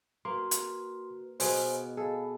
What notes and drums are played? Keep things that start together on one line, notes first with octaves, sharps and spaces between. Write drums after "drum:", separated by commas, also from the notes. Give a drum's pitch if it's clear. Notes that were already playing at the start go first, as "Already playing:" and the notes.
A#3 F#4 B4 C6
drum: hi-hat
B2 B3 G#4 C5 D#5 F5 G#5, drum: open hi-hat
G#4 A4 D#5 F5 B5